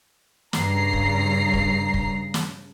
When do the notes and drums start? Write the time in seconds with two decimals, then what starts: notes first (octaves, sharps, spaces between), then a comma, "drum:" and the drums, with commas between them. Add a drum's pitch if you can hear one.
0.53 G2 C#3 A#5 C7, drum: snare
0.93 drum: kick
1.54 drum: kick
1.94 drum: kick
2.34 drum: snare